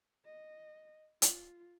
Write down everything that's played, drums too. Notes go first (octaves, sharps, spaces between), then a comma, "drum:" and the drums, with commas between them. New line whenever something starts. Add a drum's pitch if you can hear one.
D#5
F4, drum: hi-hat